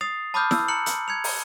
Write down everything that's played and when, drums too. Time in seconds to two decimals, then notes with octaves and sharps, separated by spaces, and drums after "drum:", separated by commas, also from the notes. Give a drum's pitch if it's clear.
0.01 D#6 A6 C7 F7
0.34 A5 B5 D6 D#6 F6 G6
0.51 E6, drum: snare E4
0.68 A#5 F#6 C#7 F#7
0.86 F#7, drum: hi-hat
1.08 G#6 C#7 F7
1.24 drum: open hi-hat